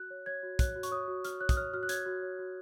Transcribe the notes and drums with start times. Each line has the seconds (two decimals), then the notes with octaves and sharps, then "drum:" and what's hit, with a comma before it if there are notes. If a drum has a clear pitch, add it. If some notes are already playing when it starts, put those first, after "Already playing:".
Already playing: F#4 F#6
0.10 C#5
0.26 C#5 G#6
0.43 F#4
0.59 C#5 F#6, drum: kick, hi-hat
0.76 F#4
0.83 C#6, drum: hi-hat
0.91 C#5 D#6
1.08 F#4
1.25 F#4 F6, drum: hi-hat
1.41 C#5 F#6
1.49 D#6, drum: kick, hi-hat
1.57 C#5 F6
1.73 F#4 F6
1.83 F#6
1.89 C#5 G#6, drum: hi-hat
2.06 F#4
2.22 C#5
2.39 F#4